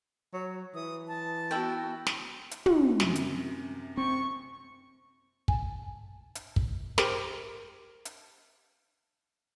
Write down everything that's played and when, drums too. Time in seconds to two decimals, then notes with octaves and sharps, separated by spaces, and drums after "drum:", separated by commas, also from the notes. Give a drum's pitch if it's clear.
0.33 F#3
0.75 E3 D#6
1.08 A5
1.51 B3 E4 F#4 G5
2.07 drum: snare
2.51 drum: hi-hat
2.66 drum: tom
3.00 F#2 C3, drum: snare
3.15 drum: hi-hat
3.97 C4 C#6
5.48 G#5 A5, drum: kick
6.35 drum: hi-hat
6.56 drum: kick
6.98 G4 A#4 C5, drum: snare
8.05 drum: hi-hat